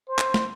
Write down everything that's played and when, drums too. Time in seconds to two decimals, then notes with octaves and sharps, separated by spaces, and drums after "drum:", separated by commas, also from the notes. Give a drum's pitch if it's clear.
0.08 C5
0.19 drum: clap
0.34 drum: snare